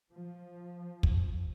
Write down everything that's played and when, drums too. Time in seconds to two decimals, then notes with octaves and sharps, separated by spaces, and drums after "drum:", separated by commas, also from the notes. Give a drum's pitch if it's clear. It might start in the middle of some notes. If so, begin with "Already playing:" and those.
0.12 F3
1.03 drum: kick